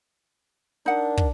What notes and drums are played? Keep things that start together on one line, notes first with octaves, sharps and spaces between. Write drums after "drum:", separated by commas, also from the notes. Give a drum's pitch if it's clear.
D4 D#4 A#4 F#5
drum: kick